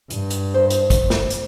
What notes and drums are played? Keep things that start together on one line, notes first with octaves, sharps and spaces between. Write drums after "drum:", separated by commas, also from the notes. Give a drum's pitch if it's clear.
G2, drum: hi-hat
drum: hi-hat
C5
drum: hi-hat
drum: kick, hi-hat
drum: snare
drum: hi-hat